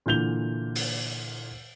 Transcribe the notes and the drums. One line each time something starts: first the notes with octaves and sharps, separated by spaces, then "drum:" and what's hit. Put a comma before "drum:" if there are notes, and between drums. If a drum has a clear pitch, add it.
A#2 D3 E3 G6 F7 G7
drum: open hi-hat